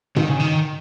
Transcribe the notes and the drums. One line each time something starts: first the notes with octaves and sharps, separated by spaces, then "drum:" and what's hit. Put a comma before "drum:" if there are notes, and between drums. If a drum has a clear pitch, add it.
D#3, drum: tom G#2
C#3
D#3